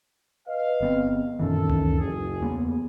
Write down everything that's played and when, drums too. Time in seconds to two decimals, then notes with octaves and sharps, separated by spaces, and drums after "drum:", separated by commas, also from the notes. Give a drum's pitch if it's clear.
0.48 B4 D#5 F5
0.81 G1 B3 C4
1.39 F#2 A#2 D#3 E3 C#4 A4
1.70 drum: tom C#2
2.00 F#1 G#4
2.41 E2 A#3 B3